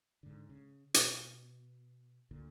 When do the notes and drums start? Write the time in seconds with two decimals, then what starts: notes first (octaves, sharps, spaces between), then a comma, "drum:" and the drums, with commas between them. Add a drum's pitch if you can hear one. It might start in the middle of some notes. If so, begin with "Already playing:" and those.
0.23 G#2 D3
0.49 C#3
0.94 B2, drum: hi-hat
2.31 D2 A#2 D3